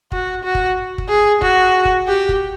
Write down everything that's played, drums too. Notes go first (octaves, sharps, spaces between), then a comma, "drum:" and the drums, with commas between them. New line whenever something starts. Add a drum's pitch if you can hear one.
F#4, drum: kick
F#4
drum: kick
drum: kick
G#4
F#4, drum: kick
drum: kick
G4
drum: kick